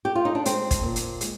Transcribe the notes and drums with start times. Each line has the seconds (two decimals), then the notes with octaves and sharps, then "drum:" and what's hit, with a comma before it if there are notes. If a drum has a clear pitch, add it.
0.05 G4
0.15 F4
0.25 D#4
0.35 D4
0.45 G#3 C4, drum: hi-hat
0.71 drum: kick, hi-hat
0.83 A#2
0.96 drum: hi-hat
1.21 G#3, drum: hi-hat